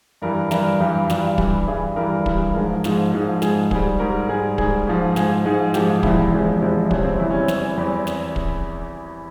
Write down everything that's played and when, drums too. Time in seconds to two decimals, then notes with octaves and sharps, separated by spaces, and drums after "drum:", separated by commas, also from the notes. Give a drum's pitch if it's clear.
0.22 G2 E3 G3 A#4
0.51 G2 E3 G3 A#4, drum: snare
0.80 G2 E3 G3 G4
1.10 G2 E3 G3 F4, drum: snare
1.38 G2 E3 G3 G4, drum: kick
1.67 G2 E3 G3 G#4
1.96 G2 E3 G3 A#4
2.26 G2 E3 G3, drum: kick
2.54 G#2 F3 G#3 A#4
2.84 G#2 F3 G#3, drum: snare
3.12 G#2 F3 G#3
3.42 G#2 F3 G#3 G#4, drum: snare
3.71 G#2 G3 G#4, drum: kick
4.00 G#2 G3 A#4
4.29 G#2 G3 G#4
4.58 G#2 G3 G#4, drum: kick
4.87 G#2 F3 G#3
5.16 G#2 F3 G#3 G#4, drum: snare
5.45 G#2 F3 G#3
5.74 G#2 F3 G#3 G4, drum: snare
5.89 F4
6.03 E2 C3 F3 G#3 E4, drum: kick
6.32 E2 C3 F3 G#3
6.61 E2 C3 F3 G#3
6.91 E2 C3 F3 G#3 C#4, drum: kick
7.05 C4
7.19 E2 E3 G3 E4
7.31 C#4
7.43 C4
7.48 E2 E3 G3, drum: snare
7.54 C#4
7.78 E2 E3 G3 C4
8.07 drum: snare
8.36 drum: kick